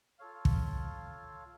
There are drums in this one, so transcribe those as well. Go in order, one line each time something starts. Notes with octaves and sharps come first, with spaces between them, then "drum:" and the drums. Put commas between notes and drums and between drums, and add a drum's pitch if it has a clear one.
F4 A4 C#5 F5
drum: kick